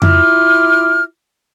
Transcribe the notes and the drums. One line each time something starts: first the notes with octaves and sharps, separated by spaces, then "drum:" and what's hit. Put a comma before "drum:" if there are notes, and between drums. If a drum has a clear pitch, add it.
E4 F4 D6 F6, drum: tom F2